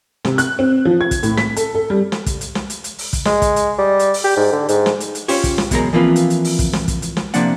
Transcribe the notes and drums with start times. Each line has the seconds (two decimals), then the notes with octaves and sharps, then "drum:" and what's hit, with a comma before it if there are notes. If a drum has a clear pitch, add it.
0.25 C3, drum: snare
0.38 F#6, drum: hi-hat
0.59 C4
0.85 F3
1.01 G#6
1.11 drum: kick, hi-hat
1.23 A2, drum: hi-hat
1.37 B6, drum: snare
1.56 A4, drum: hi-hat
1.75 A4
1.90 G3
2.12 drum: snare
2.26 drum: kick, hi-hat
2.41 drum: hi-hat
2.55 drum: snare
2.70 drum: hi-hat
2.84 drum: hi-hat
2.98 drum: open hi-hat
3.13 drum: kick, hi-hat
3.25 G#3, drum: snare
3.42 drum: kick, hi-hat
3.56 drum: hi-hat
3.78 G3
3.99 drum: hi-hat
4.14 drum: open hi-hat
4.24 G4
4.36 G#2
4.52 D3
4.69 G#2, drum: hi-hat
4.86 drum: snare
5.00 drum: hi-hat
5.15 drum: hi-hat
5.28 C#4 F4 G4 C5 C#5, drum: open hi-hat
5.44 drum: kick, hi-hat
5.58 drum: snare
5.71 E2 B2 F#3 G#3 A#4 A#5, drum: kick, hi-hat
5.93 E3 F3 A#3 C4 F4 B4
6.16 drum: hi-hat
6.30 drum: hi-hat
6.45 drum: open hi-hat
6.59 drum: kick, hi-hat
6.73 drum: snare
6.88 drum: kick, hi-hat
7.02 drum: hi-hat
7.17 drum: snare
7.34 C3 F3 A#3 D4 D5 F#5, drum: hi-hat